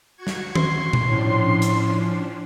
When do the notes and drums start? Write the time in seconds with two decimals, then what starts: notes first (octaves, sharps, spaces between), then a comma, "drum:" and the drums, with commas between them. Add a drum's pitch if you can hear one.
0.16 F#4 C#6 G#6
0.27 drum: snare
0.55 C6, drum: tom D#3
0.93 drum: tom A#2
1.05 A2 F3 C#4 D4
1.62 drum: hi-hat